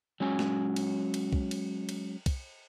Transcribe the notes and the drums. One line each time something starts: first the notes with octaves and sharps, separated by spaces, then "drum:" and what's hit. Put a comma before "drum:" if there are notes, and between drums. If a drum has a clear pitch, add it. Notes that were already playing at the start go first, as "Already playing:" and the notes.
F#3 G#3 C#4 G#5
drum: snare
drum: cymbal
drum: cymbal
drum: kick
drum: cymbal
drum: cymbal
drum: kick, cymbal